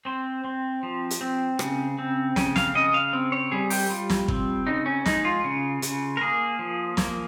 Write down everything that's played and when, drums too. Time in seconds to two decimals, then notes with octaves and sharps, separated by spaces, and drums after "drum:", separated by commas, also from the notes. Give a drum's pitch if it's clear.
0.05 C4 C5
0.44 C4
0.83 F3
1.10 drum: hi-hat
1.21 C4
1.59 C#3, drum: rim click
1.99 C4
2.36 C#3, drum: snare
2.56 F5, drum: snare
2.75 C#3 D#5
2.94 F5
3.13 C4
3.32 C#5
3.52 G3 G#4
3.70 G4, drum: open hi-hat
3.90 G3 F4
4.10 drum: snare
4.28 C4, drum: kick
4.67 C#3 D#4
4.86 C#4
5.06 G#3 D#4, drum: snare
5.25 F4
5.44 C#3
5.82 C#3, drum: hi-hat
6.17 A#4
6.21 A#3 G#4
6.59 F3
6.97 A#3, drum: snare